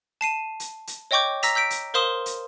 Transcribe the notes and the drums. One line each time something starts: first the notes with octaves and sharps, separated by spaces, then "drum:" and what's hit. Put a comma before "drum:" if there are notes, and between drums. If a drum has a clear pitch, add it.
A5 C7 D#7
drum: hi-hat
drum: hi-hat
C#5 D#5 G5 C#6 D6 G6
A#5 E6 A#6 B6 F7, drum: hi-hat
E6 G6 B6 D7
drum: hi-hat
A#4 C5 F5 C6 D#6 E7
drum: hi-hat